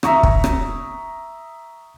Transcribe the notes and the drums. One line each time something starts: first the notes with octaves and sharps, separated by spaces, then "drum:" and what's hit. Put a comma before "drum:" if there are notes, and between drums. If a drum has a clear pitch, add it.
E5 A#5 C#6 D#6, drum: rim click
drum: kick
drum: rim click